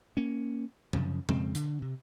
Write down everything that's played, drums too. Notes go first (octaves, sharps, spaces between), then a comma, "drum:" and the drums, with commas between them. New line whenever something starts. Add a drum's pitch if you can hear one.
A#3 C#4
F#2 C#3 F3, drum: tom C3
F2 C#3 G#3 C4, drum: tom B2
D3, drum: hi-hat
C3